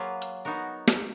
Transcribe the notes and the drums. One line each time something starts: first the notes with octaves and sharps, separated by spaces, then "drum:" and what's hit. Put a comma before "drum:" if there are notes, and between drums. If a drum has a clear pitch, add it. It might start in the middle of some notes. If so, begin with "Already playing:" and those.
Already playing: F#3 A#3 F4 G#4 B4
drum: hi-hat
B3 D#4 F#4 A#4
drum: snare